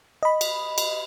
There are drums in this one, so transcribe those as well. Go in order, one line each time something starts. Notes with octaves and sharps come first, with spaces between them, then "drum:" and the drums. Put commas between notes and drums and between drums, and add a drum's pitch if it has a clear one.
D#5 B5
drum: cymbal
drum: cymbal